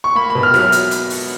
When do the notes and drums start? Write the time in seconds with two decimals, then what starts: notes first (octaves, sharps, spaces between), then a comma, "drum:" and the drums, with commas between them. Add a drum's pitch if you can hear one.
0.04 C#6
0.15 A#3 B5
0.30 B5
0.35 B2
0.43 F6
0.54 F#3 F6, drum: rim click
0.72 drum: hi-hat
0.91 drum: hi-hat
1.10 drum: open hi-hat